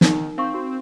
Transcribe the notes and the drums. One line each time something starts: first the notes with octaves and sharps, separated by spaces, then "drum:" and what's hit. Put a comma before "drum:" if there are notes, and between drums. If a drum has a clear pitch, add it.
D#3 D#4 A#4, drum: snare
C4 F5 C#6
F#4